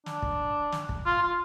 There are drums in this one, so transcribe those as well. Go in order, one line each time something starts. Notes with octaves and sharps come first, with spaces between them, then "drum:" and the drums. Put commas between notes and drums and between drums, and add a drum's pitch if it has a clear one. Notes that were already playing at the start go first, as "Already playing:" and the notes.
D4, drum: snare
drum: kick
drum: snare
drum: kick
F4
F4